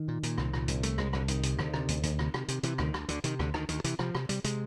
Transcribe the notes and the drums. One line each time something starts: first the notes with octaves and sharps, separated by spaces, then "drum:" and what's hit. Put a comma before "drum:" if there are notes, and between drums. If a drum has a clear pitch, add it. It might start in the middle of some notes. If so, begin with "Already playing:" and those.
Already playing: D#3
A#2
A#2, drum: hi-hat
C2, drum: rim click
A#2, drum: rim click
C2, drum: hi-hat
C2 A3, drum: hi-hat
C2 G#3, drum: rim click
C2 D3, drum: rim click
C2 D#3, drum: hi-hat
C3, drum: hi-hat
D2, drum: rim click
C3, drum: rim click
D2, drum: hi-hat
D2, drum: hi-hat
C3, drum: rim click
C3, drum: rim click
C3, drum: hi-hat
C3 E3, drum: hi-hat
D2 D#3, drum: rim click
D2, drum: rim click
D2 D3, drum: hi-hat
C3 D#3, drum: hi-hat
D2 D3, drum: rim click
D2 D#3, drum: rim click
D2 D#3, drum: hi-hat
C3 E3, drum: hi-hat
C3 F3, drum: rim click
C3, drum: rim click
C3 G3, drum: hi-hat
C3 G#3, drum: hi-hat